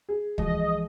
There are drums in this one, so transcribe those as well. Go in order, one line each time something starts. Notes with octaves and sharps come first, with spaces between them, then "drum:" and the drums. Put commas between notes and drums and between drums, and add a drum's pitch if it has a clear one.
G#4
E3 F3 G#3 D#5, drum: kick